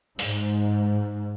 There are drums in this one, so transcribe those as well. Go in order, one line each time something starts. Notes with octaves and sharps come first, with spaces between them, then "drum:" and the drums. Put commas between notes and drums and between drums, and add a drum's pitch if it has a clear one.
G#2, drum: open hi-hat